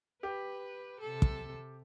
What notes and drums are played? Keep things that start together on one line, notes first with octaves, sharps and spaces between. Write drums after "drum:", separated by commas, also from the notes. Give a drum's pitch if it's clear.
G4 B4
C3 A4
drum: kick